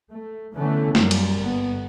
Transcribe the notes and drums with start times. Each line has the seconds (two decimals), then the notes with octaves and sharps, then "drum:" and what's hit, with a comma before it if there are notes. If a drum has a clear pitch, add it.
0.12 A3
0.55 D3 E3 A3 B3 C#4
0.95 F#2 G3 A#3, drum: snare
1.11 drum: cymbal
1.39 G1 B3